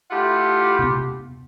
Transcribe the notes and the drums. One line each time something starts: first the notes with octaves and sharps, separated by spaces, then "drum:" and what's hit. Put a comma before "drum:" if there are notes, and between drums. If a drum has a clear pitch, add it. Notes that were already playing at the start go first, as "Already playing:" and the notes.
A3 E4 F4 G4 F#5
drum: tom C3